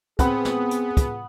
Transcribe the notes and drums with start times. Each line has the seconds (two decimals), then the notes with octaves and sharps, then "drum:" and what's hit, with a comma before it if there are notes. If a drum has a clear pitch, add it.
0.19 B3 C4 G#4 F#5 B5 D#6, drum: kick, hi-hat
0.45 drum: snare
0.71 drum: hi-hat
0.97 drum: kick, hi-hat